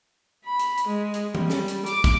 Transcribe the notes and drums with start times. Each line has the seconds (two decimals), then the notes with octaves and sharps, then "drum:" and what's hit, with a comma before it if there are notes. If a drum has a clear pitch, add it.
0.45 B5
0.59 drum: hi-hat
0.77 drum: hi-hat
0.87 G#3
1.14 drum: hi-hat
1.35 G3, drum: tom E3
1.50 drum: snare
1.68 drum: hi-hat
1.86 D6, drum: hi-hat
2.04 drum: kick, hi-hat